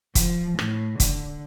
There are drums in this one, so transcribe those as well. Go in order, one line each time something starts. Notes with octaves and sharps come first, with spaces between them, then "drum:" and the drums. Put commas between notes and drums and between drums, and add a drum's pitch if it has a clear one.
F3, drum: kick, hi-hat
A2, drum: rim click
D3, drum: kick, hi-hat